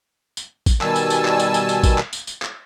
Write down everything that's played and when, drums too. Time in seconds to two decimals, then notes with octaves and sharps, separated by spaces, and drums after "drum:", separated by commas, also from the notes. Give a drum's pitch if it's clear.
0.37 drum: tambourine
0.66 drum: kick, tambourine
0.81 B2 D#3 G3 G#5 A5 E6, drum: clap
0.96 drum: tambourine
1.10 drum: tambourine
1.25 drum: clap
1.40 drum: tambourine
1.54 drum: tambourine
1.69 drum: tambourine
1.83 drum: kick, tambourine
1.98 drum: clap
2.13 drum: tambourine
2.27 drum: tambourine
2.42 drum: clap